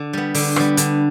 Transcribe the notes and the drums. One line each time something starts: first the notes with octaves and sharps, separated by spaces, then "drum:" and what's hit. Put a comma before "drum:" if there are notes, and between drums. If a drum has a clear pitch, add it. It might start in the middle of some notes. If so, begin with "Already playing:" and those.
Already playing: D3
G3 B3
D3, drum: open hi-hat
G3 B3, drum: rim click
D3, drum: hi-hat